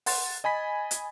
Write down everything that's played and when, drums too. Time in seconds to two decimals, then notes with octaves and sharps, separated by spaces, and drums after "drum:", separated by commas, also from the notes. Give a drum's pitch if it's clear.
0.06 F#5 C6 A6, drum: open hi-hat
0.44 D#5 G#5 B5 B6
0.91 drum: hi-hat